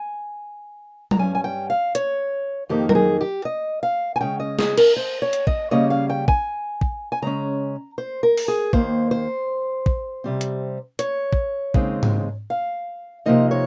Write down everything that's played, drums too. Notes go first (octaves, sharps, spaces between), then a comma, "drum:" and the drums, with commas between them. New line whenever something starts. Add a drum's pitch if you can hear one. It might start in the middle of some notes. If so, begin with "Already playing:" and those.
Already playing: G#5
A#5, drum: tom F#3
G2 G3 C#4 G#5
G#5
G5
F5
C#5, drum: hi-hat
F2 D#3 A#3 D#4 G4
A#4, drum: tom F#3
G#4
G4
D#5
F5
G#5
C#3 G#3 C#4 G5
D#5
G#4, drum: snare
A#4, drum: cymbal
C5
C#5
drum: hi-hat
D#5, drum: kick
C#3 G3 A#3 C#4 D#5
F5
G5
G#5, drum: kick
drum: kick
G#5
C#3 G#3 C#4 A#5
C5
A#4
drum: open hi-hat
G#4
D#2 D#3 A#3 C5, drum: kick
C5
drum: kick
C3 G3 C4
drum: hi-hat
C#5, drum: hi-hat
drum: kick
D#2 C#3 G#3 C4 D#4, drum: kick
drum: tom G#2
F5
C3 F3 A#3 D#4 D#5
C#5